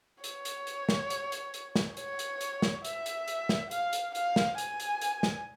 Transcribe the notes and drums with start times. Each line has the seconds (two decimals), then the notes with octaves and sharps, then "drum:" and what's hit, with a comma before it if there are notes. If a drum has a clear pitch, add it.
0.24 C#5, drum: hi-hat
0.45 drum: hi-hat
0.67 drum: hi-hat
0.89 drum: snare
1.10 drum: hi-hat
1.32 drum: hi-hat
1.54 drum: hi-hat
1.76 drum: snare
1.97 C#5, drum: hi-hat
2.19 drum: hi-hat
2.41 drum: hi-hat
2.62 drum: snare
2.85 E5, drum: hi-hat
3.06 drum: hi-hat
3.28 drum: hi-hat
3.49 drum: snare
3.71 F5, drum: hi-hat
3.93 drum: hi-hat
4.15 F5, drum: hi-hat
4.36 drum: snare
4.58 G#5, drum: hi-hat
4.80 drum: hi-hat
5.01 drum: hi-hat
5.23 drum: snare